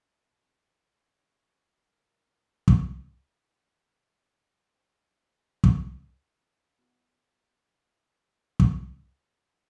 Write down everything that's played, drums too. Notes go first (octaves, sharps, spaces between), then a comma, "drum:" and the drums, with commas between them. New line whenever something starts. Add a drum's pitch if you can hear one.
B2
C#5
A#4
drum: kick
G4 G#4 C5 D#5 G#5
drum: kick
B3 D#4 E4 F#4
drum: kick